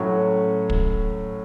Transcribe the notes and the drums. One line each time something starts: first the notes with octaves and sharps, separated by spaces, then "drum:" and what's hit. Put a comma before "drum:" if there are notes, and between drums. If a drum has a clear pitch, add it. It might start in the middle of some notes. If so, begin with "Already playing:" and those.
Already playing: A2 F#3 C#4 C#6
drum: kick